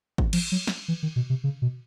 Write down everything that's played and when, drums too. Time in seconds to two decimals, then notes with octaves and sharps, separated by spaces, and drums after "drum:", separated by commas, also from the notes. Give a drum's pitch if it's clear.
0.18 drum: kick G#1
0.33 F3, drum: cymbal
0.52 F#3
0.67 drum: snare
0.88 E3
1.03 D#3
1.16 B2
1.30 C3
1.44 C#3
1.62 B2